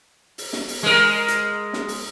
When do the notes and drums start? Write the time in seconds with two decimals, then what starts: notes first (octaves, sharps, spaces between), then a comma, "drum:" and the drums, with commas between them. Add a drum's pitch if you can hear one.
0.38 drum: open hi-hat
0.53 drum: snare
0.68 drum: open hi-hat
0.83 G#3 A#4
1.28 drum: hi-hat
1.73 drum: snare
1.88 drum: open hi-hat